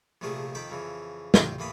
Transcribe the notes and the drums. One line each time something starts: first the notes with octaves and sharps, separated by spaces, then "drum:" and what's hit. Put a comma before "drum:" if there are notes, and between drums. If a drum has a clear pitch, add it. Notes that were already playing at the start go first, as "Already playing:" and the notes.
A#1 C3 F3 A3 A#3 G#4
F2 D#3 G5 B5 D6
F2 C#3 E3
D2 C3 F4 C5 G5, drum: snare
D#2 A2 E3 A#3 B5 D#6